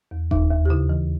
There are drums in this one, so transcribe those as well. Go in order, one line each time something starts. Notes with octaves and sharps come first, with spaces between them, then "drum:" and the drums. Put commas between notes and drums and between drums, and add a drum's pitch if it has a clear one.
E2
D#2 D#4, drum: kick E1
D#2
G4
C#3 E4
E3